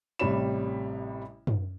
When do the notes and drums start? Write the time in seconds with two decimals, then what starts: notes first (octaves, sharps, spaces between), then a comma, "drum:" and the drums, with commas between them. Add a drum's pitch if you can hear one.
0.19 A1 C3 G3 C#5 B5 E7
1.47 drum: tom F#2